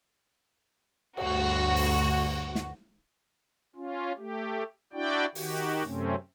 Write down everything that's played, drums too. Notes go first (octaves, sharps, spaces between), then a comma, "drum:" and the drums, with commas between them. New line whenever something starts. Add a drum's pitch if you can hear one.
D2 G2 F#4, drum: cymbal
drum: open hi-hat
drum: snare
C#4 F4
A3 G4
D4 E4 F#4 D5 G5
D#3 F#4 G4, drum: open hi-hat
F#2 C3 A3 C4 C#4